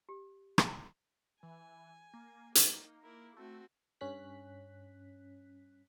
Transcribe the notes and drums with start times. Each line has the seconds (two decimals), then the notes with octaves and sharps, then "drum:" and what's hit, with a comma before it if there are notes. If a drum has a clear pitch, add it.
0.09 G4
0.58 drum: rim click
1.43 E3 G#5
2.13 A#3
2.55 D#4, drum: hi-hat
3.03 E4 A#4
3.37 A3 C4 F#4
4.01 G2 C#4 F#6 B6